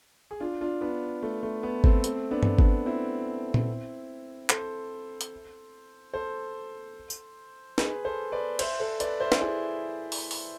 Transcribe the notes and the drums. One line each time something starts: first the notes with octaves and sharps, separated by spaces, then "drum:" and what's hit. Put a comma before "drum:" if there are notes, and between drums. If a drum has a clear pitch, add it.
G#4
D4 F4
D4 F4
B3 D4
A3
A3
B3
A3 C4, drum: kick G#1
A3 C4, drum: hi-hat
B3 D4
drum: tom G2
B3 D4, drum: kick G#1
C4 E4
drum: tom A#2
A4 C5, drum: clap
drum: hi-hat
A4 C5
drum: tambourine
G#4 B4, drum: snare
A4 C5
B4 D5
C5 E5, drum: cymbal
A4 C5
B4 D5, drum: hi-hat
C5 E5
drum: snare
E4 G#4
drum: open hi-hat
drum: open hi-hat